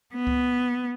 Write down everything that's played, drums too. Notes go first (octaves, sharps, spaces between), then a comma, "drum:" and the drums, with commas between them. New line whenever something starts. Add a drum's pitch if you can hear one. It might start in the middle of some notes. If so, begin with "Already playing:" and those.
B3
drum: kick C#2